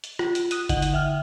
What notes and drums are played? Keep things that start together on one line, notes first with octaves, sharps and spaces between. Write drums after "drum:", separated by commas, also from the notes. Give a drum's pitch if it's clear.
drum: hi-hat
F4, drum: rim click
drum: hi-hat
D#6 F#6 D#7, drum: hi-hat
D3 F#5 F#7, drum: kick G1, hi-hat
drum: hi-hat
E5 G5 F6